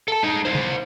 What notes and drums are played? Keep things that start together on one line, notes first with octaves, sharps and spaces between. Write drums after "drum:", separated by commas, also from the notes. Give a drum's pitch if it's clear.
A4 A5
G#3 D#4
E4 C5
drum: tom C3